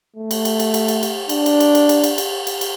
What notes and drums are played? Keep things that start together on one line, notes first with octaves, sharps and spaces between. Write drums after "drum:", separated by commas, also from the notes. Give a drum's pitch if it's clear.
A3
drum: cymbal
drum: cymbal
drum: cymbal
drum: cymbal
drum: cymbal
drum: cymbal
D4, drum: cymbal
drum: cymbal
drum: cymbal
drum: cymbal
drum: cymbal
drum: cymbal
drum: cymbal
drum: cymbal
drum: cymbal